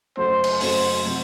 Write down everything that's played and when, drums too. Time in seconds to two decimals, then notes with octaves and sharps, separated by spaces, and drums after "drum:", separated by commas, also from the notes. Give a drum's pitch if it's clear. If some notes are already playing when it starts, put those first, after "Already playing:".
0.17 F#1 F#2 F#3 A3 C5
0.44 drum: cymbal
0.61 F#1 F#2 F#3 A3 C5, drum: open hi-hat
1.05 C3 F#3 C4